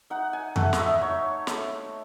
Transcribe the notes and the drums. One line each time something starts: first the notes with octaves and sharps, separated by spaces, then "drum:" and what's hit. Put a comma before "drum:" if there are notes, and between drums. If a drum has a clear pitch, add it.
D#4 F#5
G#5
A3 F#5, drum: tom F2
D#5, drum: snare
E5
D#4 C#5
A3, drum: snare